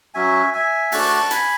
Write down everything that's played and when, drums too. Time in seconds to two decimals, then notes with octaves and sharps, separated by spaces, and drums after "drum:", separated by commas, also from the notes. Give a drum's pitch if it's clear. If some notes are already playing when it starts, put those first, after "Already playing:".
0.14 F#3 C#4 F#4 E5 G#5
0.54 E5 G#5
0.92 A3 D4 F#4 F#5 A5, drum: open hi-hat
1.31 G#5 B5, drum: hi-hat